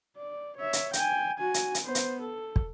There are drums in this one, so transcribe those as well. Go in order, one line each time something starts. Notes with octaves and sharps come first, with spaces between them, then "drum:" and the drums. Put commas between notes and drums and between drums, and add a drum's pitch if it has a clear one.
D5
C#5 E5
drum: hi-hat
G5 G#5, drum: hi-hat
F#4 G#5
drum: hi-hat
drum: hi-hat
B3 C5
drum: hi-hat
A4
drum: kick